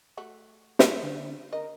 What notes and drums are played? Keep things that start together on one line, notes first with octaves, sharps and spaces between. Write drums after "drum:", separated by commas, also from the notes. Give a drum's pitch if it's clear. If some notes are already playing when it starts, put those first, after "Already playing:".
A3 F#4
drum: snare
D3
A#4 D#5